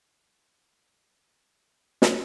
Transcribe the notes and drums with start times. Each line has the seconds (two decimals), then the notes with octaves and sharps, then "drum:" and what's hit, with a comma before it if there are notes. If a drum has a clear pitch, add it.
0.05 C#2
0.65 D2
0.94 A2
1.28 D3
1.63 F#1
2.02 drum: snare